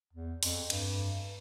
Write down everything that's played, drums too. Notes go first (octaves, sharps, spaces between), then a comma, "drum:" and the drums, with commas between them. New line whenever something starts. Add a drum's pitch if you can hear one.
E2
F2, drum: open hi-hat
G2, drum: cymbal